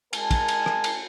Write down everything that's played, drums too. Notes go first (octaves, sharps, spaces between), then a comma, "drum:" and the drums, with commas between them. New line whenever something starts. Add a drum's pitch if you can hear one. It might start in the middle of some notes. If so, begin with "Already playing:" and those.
G#3 A#4 G#5 A5, drum: cymbal
drum: kick, cymbal
drum: cymbal
drum: rim click
drum: cymbal